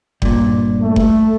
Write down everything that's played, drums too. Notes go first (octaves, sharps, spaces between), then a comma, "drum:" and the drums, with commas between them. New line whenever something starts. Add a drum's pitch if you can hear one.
G2 A#2, drum: kick F#1
A3
drum: kick F#1